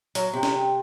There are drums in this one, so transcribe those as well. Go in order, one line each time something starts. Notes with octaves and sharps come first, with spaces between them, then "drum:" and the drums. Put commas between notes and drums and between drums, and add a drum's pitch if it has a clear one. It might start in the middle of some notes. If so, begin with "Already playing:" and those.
F#3, drum: hi-hat
C3 G5
drum: snare